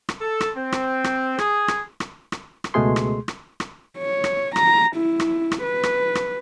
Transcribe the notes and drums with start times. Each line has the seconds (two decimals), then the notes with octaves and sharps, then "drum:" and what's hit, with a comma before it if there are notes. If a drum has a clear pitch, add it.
0.09 drum: rim click
0.21 A4
0.41 drum: rim click
0.56 C4
0.72 drum: rim click
1.04 drum: rim click
1.38 G#4, drum: rim click
1.68 drum: rim click
2.00 drum: rim click
2.32 drum: rim click
2.64 drum: rim click
2.74 C#2 B2 G#3 A3 G#4 C6
2.96 drum: rim click
3.28 drum: rim click
3.60 drum: rim click
3.98 C#5
4.24 drum: rim click
4.56 A#5, drum: rim click
4.97 E4
5.20 drum: rim click
5.52 drum: rim click
5.63 B4
5.83 drum: rim click
6.15 drum: rim click